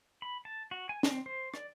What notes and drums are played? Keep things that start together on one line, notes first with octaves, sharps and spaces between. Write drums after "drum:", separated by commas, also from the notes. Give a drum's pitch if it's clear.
B5
A5
F#4
G#5
C4, drum: snare
C5
D5, drum: rim click